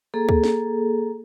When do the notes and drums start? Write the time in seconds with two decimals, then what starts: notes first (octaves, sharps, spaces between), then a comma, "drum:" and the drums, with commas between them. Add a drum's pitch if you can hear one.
0.14 A#3 G#4 A4
0.29 drum: kick D2
0.44 drum: snare